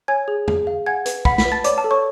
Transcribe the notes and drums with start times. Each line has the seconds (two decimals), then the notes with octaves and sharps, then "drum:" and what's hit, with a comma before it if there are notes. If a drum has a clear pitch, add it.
0.08 C#5 G#5 G#6
0.28 G#4
0.48 G#4, drum: tom
0.67 F5
0.86 F#5 G#5 G#6
1.06 B4, drum: hi-hat
1.25 F#5 B5 B6, drum: kick
1.38 B5 B6, drum: snare
1.45 B4
1.52 A5 A6
1.64 C#5 D5 D6, drum: hi-hat
1.78 A5
1.84 A4
1.91 C#5 C#6